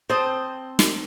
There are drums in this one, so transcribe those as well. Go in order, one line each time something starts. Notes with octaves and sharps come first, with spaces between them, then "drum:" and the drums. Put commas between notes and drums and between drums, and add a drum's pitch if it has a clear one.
C4 C5 A5 D#6
drum: snare